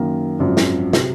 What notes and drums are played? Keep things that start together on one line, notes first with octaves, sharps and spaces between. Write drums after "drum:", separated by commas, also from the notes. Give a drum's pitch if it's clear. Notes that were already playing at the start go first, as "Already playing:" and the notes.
Already playing: F#2 D#3 A#3
G#1 F#2 F3
drum: snare
C3 F#3, drum: snare